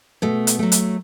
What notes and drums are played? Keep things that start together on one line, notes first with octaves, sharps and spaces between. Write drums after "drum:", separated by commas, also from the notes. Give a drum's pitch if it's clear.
B2 A3
drum: hi-hat
F#3 A3
drum: hi-hat